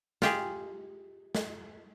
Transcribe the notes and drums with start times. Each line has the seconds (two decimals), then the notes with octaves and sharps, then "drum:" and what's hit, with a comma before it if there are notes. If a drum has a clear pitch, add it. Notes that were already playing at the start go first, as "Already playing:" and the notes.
0.22 F4 G4 G#4, drum: snare
1.35 drum: snare